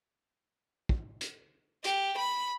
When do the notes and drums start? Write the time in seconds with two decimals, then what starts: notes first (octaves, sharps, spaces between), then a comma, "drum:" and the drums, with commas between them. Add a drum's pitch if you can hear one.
0.89 drum: kick
1.21 drum: hi-hat
1.84 G4, drum: hi-hat
2.17 B5